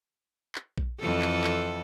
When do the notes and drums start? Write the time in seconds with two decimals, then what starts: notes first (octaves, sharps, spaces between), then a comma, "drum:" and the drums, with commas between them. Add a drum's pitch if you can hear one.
0.55 drum: clap
0.78 drum: kick A#1
1.00 F2 E3 A4
1.22 drum: clap
1.44 drum: clap